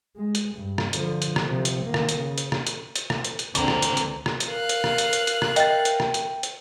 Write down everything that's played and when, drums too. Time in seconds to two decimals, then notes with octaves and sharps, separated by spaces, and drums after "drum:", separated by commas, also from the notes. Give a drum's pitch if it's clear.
0.16 G#3
0.35 drum: hi-hat
0.56 G2
0.78 drum: rim click
0.93 D3 F3, drum: hi-hat
1.22 drum: hi-hat
1.36 drum: rim click
1.45 C3 F3
1.65 drum: hi-hat
1.85 D#3 A#3
1.94 drum: rim click
2.09 drum: hi-hat
2.18 C#3
2.38 drum: hi-hat
2.52 drum: rim click
2.67 drum: hi-hat
2.96 drum: hi-hat
3.10 drum: rim click
3.25 drum: hi-hat
3.39 drum: hi-hat
3.55 C#2 D3 E3 C4 A#4, drum: hi-hat
3.68 drum: rim click
3.82 drum: hi-hat
3.97 drum: hi-hat
4.26 drum: rim click
4.40 drum: hi-hat
4.50 A#4 F5 F#6
4.69 drum: hi-hat
4.84 drum: rim click
4.98 drum: hi-hat
5.13 drum: hi-hat
5.27 drum: hi-hat
5.42 drum: rim click
5.56 D#5 E5 G5 A6, drum: hi-hat
5.85 drum: hi-hat
6.00 drum: rim click
6.14 drum: hi-hat
6.43 drum: hi-hat